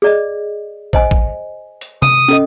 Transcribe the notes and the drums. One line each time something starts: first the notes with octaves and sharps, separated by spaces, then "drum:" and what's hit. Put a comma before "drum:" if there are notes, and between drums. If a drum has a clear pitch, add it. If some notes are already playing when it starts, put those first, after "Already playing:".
G#4 D5 D#5
C5 D#5 G#5, drum: kick
drum: kick
drum: hi-hat
D#6, drum: tom C3
C#4 A4 D#5